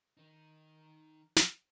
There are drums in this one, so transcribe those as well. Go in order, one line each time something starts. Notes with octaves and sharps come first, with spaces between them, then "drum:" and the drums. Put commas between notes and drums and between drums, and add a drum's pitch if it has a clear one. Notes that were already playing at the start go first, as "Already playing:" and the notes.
D#3 D#4
drum: snare